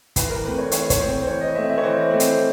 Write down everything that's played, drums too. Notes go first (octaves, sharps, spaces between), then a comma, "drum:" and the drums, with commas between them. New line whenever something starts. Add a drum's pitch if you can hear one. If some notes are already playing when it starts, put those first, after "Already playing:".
E3 B4, drum: kick, hi-hat
A#4
A3 C4 B4
C#5
E3 C#5, drum: hi-hat
C#5, drum: kick, hi-hat
A3 C4 C5
C5
E3 C#5
D#5
A3 C4 E5
E5
C#5
E3 C5
A3 C4
drum: hi-hat